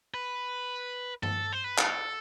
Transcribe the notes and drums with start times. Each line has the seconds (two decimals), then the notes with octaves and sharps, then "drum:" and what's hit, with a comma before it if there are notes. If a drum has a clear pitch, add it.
0.14 B4
1.23 A4, drum: tom G2
1.53 C5
1.64 B4
1.78 A4, drum: clap